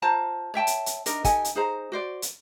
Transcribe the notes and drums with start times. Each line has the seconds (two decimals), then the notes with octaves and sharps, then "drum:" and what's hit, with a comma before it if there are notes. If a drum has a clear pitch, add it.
0.02 F4 C5 A5 A#5
0.54 C#5 E5 G5 A5
0.67 drum: hi-hat
0.86 drum: hi-hat
1.06 D4 D#4 A#4 D#5, drum: hi-hat
1.24 D#4 G4 A4 G#5, drum: kick, hi-hat
1.45 drum: hi-hat
1.55 D#4 G#4 C5 A#5
1.92 F#4 C5 D5
2.22 drum: hi-hat